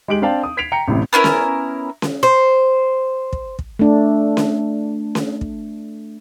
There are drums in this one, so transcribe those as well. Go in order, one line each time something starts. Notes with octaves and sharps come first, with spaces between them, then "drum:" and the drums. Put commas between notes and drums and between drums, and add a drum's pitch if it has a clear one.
G#3 G4 D7 F#7
C4 D4 F5 G5 A5
D#6
G#6 B6 C7 D7 F7
G5 A#5 C#7
A1 A2 C3
B3 C#4 E4 A#4
drum: snare C#4
drum: snare C#4
C5
drum: kick
drum: kick
A3 D4
drum: snare C#4
drum: snare C#4
drum: kick